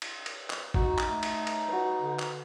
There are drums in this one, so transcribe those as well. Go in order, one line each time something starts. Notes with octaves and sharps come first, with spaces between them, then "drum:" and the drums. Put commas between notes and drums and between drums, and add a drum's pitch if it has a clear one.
drum: cymbal
drum: cymbal
drum: clap
D#4 F#4, drum: kick
drum: clap
A3
drum: cymbal
drum: cymbal
F#4 B4
D3
drum: clap